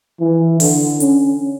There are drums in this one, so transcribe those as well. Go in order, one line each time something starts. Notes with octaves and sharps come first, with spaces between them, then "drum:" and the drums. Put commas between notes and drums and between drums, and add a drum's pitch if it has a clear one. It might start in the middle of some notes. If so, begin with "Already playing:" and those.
E3
D3, drum: open hi-hat
C#4, drum: hi-hat